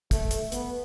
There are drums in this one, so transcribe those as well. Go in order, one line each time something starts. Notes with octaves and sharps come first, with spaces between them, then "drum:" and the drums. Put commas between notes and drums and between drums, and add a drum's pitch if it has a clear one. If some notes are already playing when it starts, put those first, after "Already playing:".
A3, drum: kick, hi-hat
drum: hi-hat
B3, drum: hi-hat